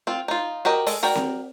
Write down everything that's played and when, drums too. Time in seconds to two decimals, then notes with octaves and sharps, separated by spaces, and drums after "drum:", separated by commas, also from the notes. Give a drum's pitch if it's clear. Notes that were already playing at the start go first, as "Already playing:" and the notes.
0.07 C4 F4
0.28 D#4 F4
0.65 F#4 G4 A#4 D#5
0.87 G#3 A4 D#5, drum: open hi-hat
1.03 F#4 A#4 D5 G5
1.15 drum: snare C4